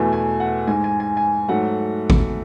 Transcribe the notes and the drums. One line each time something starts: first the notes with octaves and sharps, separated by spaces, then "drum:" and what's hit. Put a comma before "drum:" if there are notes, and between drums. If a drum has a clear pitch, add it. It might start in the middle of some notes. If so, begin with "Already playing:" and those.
Already playing: E2 B2 A3 G#5
G#5
F#5
G#2 G#3 G#5
G#5
G#5
G#5
G#2 F#3 A3 F#5
drum: kick G#1